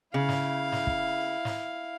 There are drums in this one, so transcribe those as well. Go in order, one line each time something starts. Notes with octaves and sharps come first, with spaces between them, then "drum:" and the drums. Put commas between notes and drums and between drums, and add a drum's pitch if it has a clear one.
C#3 E4 F5
drum: snare
drum: snare
drum: kick
drum: snare